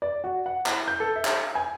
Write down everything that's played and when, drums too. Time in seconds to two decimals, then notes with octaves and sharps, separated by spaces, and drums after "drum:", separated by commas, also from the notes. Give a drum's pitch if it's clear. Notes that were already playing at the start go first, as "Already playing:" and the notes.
0.02 D5
0.24 F#4
0.46 F#5
0.66 E4, drum: clap
0.88 G6
1.00 A4
1.16 E5
1.25 drum: clap
1.55 G#5